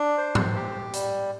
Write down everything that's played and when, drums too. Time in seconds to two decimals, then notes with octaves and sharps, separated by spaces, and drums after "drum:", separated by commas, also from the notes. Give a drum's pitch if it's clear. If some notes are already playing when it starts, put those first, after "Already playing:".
Already playing: D4
0.18 C5
0.35 drum: tom G#2
0.55 G4
0.93 G3, drum: hi-hat